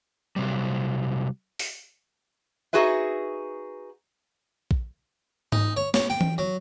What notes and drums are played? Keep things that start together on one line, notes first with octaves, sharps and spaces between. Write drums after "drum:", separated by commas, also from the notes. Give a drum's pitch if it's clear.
C3 F#3 G3
drum: open hi-hat
D#4 F#4 G#4 B4 E5
drum: kick A#1
D#4, drum: tom G#2
C#5
C#5, drum: snare A#3
G5
drum: tom E3
F#3